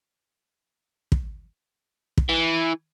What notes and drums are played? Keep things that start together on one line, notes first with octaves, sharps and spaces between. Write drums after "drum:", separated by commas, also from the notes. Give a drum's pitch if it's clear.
drum: kick
drum: kick
E3